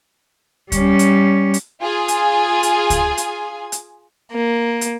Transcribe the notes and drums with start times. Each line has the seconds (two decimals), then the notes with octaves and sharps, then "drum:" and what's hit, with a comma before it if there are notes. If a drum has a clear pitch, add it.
0.72 G3 C#4, drum: kick C#2, hi-hat
0.99 drum: hi-hat
1.54 drum: hi-hat
1.80 F4 G#4 G#5
2.08 drum: hi-hat
2.63 drum: hi-hat
2.90 drum: kick C#2, hi-hat
3.17 drum: hi-hat
3.72 drum: hi-hat
4.32 A#3
4.81 drum: hi-hat